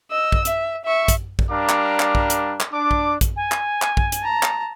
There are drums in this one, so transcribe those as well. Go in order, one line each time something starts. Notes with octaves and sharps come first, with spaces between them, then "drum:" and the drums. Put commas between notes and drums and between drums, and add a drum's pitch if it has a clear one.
D#5 E6
drum: kick
E5, drum: hi-hat
E5 C#6
drum: kick, hi-hat
drum: kick
G3 D4 A#4 F5 A#5 D6
drum: clap
drum: clap
drum: kick
drum: hi-hat
drum: clap
D4 D6
drum: kick
drum: kick, hi-hat
G#5
drum: clap
drum: clap
drum: kick
drum: hi-hat
A5 A#5
drum: clap